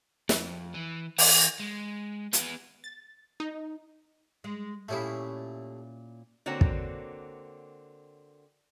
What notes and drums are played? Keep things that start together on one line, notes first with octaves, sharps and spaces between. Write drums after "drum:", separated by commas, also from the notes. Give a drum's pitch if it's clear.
F2, drum: snare
E3
E3, drum: open hi-hat
G#3
B3 G#4, drum: hi-hat
A6
D#4
G#3
A#2 A3 C#4 E4 G4 G#4
D3 A#3 C4 F#4 C#5
drum: kick